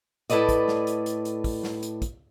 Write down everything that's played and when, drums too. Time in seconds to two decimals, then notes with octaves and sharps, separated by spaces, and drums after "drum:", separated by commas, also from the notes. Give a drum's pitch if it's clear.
0.30 A2 A4 B4 D5 D#5, drum: hi-hat
0.49 drum: kick, hi-hat
0.68 drum: snare
0.87 drum: hi-hat
1.06 drum: hi-hat
1.25 drum: hi-hat
1.44 drum: kick, open hi-hat
1.63 drum: snare
1.83 drum: hi-hat
2.02 drum: kick, hi-hat